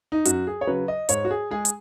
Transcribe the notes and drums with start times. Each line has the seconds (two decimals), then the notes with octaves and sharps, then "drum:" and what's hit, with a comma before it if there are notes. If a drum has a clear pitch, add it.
0.12 D#4
0.25 F#2 F#4, drum: hi-hat
0.47 G#4
0.61 C#5
0.67 C#3 F#3 B4
0.88 D#5
1.09 G#2 C#5, drum: hi-hat
1.25 F#4
1.31 G#4
1.51 G#3 G#4
1.65 drum: hi-hat